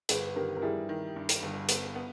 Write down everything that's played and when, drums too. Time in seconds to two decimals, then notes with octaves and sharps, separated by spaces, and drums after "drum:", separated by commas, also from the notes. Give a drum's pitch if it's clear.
0.09 G1 G#4 B4, drum: hi-hat
0.36 D#3 G4 A#4
0.56 A#4
0.62 G3 E4 G#4
0.89 D#3
1.16 G2
1.29 drum: hi-hat
1.43 G1
1.69 B3, drum: hi-hat
1.95 B3